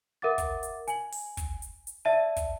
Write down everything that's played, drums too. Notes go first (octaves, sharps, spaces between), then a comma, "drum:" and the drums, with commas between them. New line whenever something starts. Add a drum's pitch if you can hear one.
A#4 E5 F#5 D6 A6
drum: kick, hi-hat
drum: hi-hat
G#5 F#7, drum: hi-hat
drum: open hi-hat
drum: kick, hi-hat
drum: hi-hat
drum: hi-hat
D5 E5 A5 D#7
drum: kick, hi-hat